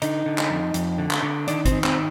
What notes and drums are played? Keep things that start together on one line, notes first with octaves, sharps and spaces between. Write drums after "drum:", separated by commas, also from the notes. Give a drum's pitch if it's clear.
D3 D#4, drum: hi-hat
D3
drum: clap
F2
F2, drum: hi-hat
D3
drum: clap
D3
D#3 D4, drum: hi-hat
C4, drum: kick, hi-hat
D#3
C4, drum: clap